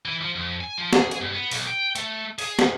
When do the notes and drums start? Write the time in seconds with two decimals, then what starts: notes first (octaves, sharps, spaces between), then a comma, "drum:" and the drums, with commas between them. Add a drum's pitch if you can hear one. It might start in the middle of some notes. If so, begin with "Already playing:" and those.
0.05 E3
0.21 F3
0.36 F2
0.61 G#5
0.78 F3
0.93 G#4, drum: snare
1.11 drum: hi-hat
1.21 G2
1.34 B3
1.51 B1, drum: open hi-hat
1.67 G5
1.96 A3, drum: hi-hat
2.39 G#4, drum: open hi-hat
2.59 drum: snare